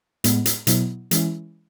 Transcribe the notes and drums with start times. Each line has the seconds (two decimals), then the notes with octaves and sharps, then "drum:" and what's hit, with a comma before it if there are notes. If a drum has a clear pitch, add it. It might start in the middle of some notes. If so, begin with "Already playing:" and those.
0.24 A2 G#3 B3, drum: hi-hat
0.46 drum: hi-hat
0.67 B2 F#3 B3 E4, drum: hi-hat
1.11 E3 G#3 C#4 E4, drum: hi-hat